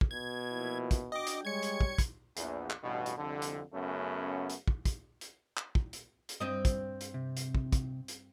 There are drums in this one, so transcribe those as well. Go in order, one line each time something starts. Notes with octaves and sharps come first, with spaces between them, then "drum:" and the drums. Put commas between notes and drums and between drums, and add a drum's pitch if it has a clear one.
drum: kick
B2 G#6
A#2 F3 E4
drum: kick, hi-hat
D4 F#4 D#5 G5 D6
drum: hi-hat
G3 G#3 C#5 G#6 C#7
drum: hi-hat
drum: kick
drum: kick, hi-hat
A#1 E2, drum: hi-hat
drum: clap
A1 G2 B2
drum: hi-hat
C2 F2 D3
drum: hi-hat
F#2 C#3 A3 B3 C#4
drum: hi-hat
drum: kick
drum: kick, hi-hat
drum: hi-hat
drum: clap
drum: kick
drum: hi-hat
drum: hi-hat
G2 C4 D#5
drum: kick, hi-hat
drum: hi-hat
C3
drum: hi-hat
drum: kick
drum: kick, hi-hat
drum: hi-hat